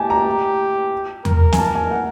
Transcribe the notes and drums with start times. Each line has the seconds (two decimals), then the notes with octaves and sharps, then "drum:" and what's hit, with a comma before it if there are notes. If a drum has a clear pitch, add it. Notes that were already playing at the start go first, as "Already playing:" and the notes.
Already playing: G4 G#5 A5
0.10 A#5
1.25 A#4, drum: tom E2
1.52 G#5, drum: snare
1.59 A5
1.75 G#5
1.91 F#5